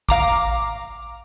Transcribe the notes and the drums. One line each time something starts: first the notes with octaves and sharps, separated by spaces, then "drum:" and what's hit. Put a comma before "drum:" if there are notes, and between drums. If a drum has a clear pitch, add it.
F5 A#5 D6, drum: kick